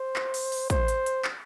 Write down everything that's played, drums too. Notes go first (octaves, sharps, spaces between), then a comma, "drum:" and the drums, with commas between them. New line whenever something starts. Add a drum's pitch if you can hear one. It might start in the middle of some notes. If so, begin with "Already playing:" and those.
Already playing: C5
drum: clap
drum: open hi-hat
drum: open hi-hat
C5, drum: kick, hi-hat
drum: hi-hat
drum: hi-hat
drum: clap